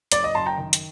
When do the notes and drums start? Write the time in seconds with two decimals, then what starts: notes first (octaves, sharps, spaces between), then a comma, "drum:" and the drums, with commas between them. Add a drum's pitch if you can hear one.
0.12 F#1 D5, drum: hi-hat
0.24 D#5
0.35 F#2 A5 C6
0.46 G5 A#5
0.58 D#3
0.73 drum: hi-hat